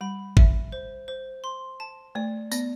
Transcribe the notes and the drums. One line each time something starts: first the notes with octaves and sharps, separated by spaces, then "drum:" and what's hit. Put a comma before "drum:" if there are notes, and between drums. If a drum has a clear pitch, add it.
G3 B5
E5, drum: kick G1
C5
C5
C6
A5
A3 D5
B3 D5, drum: tambourine